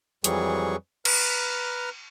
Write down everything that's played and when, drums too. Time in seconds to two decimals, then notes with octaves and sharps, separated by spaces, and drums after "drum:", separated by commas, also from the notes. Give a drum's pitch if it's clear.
0.24 F2 E3 F#3 G3 G#4 C#6, drum: hi-hat
1.05 B4 A#5 F6, drum: cymbal